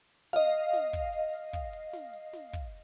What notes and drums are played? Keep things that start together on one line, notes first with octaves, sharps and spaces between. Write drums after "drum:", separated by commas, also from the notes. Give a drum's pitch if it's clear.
D#5 F5, drum: snare
drum: hi-hat
drum: snare
drum: kick, hi-hat
drum: hi-hat
drum: hi-hat
drum: kick, hi-hat
drum: open hi-hat
drum: snare
drum: hi-hat
drum: snare
drum: kick, hi-hat